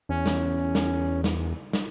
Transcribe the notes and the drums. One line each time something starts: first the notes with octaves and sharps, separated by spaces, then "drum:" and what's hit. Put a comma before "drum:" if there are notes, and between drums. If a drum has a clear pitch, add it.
E2 C#4
drum: snare
drum: snare
drum: snare
drum: snare